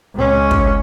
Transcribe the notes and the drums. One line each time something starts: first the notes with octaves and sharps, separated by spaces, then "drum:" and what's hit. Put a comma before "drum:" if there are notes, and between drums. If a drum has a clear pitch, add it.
C#2 C#4
drum: kick